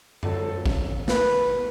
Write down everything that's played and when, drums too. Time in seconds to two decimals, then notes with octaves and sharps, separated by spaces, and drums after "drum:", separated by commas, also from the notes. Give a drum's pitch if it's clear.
0.23 G#2 F#3 A4, drum: tom F#2
0.66 drum: kick A1
1.08 B4, drum: snare